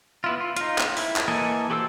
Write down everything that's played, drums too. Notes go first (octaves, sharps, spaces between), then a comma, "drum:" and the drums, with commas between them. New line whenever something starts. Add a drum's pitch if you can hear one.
B3 E4 F4
F4
D#4 F4, drum: hi-hat
drum: clap
E4, drum: open hi-hat
drum: clap
E3 A#3 A4 D#5 G#5
F#4 G4 A4 C5 E6